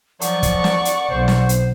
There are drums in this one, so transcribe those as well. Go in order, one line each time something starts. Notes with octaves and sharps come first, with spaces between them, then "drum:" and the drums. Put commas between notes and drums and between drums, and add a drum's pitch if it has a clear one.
F3 F#3 D5 F#5 C#6, drum: hi-hat
drum: kick, hi-hat
drum: snare
drum: hi-hat
B1 C5
drum: snare
drum: hi-hat